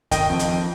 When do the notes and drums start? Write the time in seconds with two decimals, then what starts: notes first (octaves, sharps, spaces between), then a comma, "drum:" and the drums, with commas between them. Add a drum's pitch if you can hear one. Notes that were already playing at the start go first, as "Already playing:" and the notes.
0.11 D#3 D#5 G5, drum: kick G1, hi-hat
0.29 F2
0.39 drum: hi-hat
0.49 F2